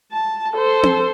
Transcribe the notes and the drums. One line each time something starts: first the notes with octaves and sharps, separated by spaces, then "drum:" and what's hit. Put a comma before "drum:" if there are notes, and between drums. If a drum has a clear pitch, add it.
A5
A4 C5
drum: tom C4